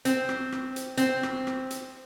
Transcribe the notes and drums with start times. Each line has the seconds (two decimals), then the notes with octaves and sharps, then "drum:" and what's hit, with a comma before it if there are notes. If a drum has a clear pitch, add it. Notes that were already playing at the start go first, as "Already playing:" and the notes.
0.05 C4, drum: hi-hat
0.29 drum: rim click
0.52 drum: rim click
0.76 drum: hi-hat
0.97 C4, drum: hi-hat
1.23 drum: rim click
1.47 drum: rim click
1.70 drum: hi-hat